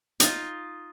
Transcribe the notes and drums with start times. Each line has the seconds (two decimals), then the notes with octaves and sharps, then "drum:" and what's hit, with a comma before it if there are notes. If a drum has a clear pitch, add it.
0.20 D#4 F4, drum: hi-hat